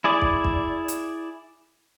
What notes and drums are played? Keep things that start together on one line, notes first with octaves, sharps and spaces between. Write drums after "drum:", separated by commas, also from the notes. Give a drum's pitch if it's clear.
E4 G#4 D5
drum: kick
drum: kick
drum: hi-hat